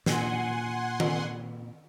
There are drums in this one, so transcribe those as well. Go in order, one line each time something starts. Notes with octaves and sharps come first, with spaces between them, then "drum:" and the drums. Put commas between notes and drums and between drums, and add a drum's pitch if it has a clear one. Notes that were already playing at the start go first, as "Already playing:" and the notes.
A#2 F#5 G#5 C6, drum: snare
drum: tom D#3